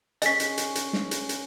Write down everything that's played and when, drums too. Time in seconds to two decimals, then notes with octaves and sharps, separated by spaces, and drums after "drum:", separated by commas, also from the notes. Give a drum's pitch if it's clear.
0.22 C#4 G#4 D#5 B6, drum: hi-hat
0.40 drum: hi-hat
0.58 drum: hi-hat
0.75 drum: hi-hat
0.93 drum: snare
1.11 drum: hi-hat
1.29 drum: hi-hat